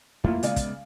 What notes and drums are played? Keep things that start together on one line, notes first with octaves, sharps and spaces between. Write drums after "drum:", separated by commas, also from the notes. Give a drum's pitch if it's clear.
F2 A3 A#3 E4 F4
C#3 G#3 B3 D5 F5, drum: hi-hat
drum: kick, hi-hat